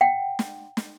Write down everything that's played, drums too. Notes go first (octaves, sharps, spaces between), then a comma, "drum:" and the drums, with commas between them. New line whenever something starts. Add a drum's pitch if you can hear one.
F#5 G5
drum: snare
drum: snare